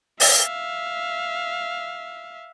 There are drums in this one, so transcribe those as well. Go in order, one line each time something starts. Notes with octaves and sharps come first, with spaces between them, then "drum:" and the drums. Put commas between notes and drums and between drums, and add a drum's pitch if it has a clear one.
E5 F5, drum: open hi-hat